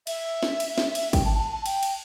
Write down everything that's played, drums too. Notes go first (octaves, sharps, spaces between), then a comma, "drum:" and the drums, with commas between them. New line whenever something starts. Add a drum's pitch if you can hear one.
E5, drum: cymbal
drum: snare
drum: cymbal
drum: snare
drum: cymbal
G5, drum: kick, cymbal
A5
A5
A5
G5, drum: cymbal
drum: cymbal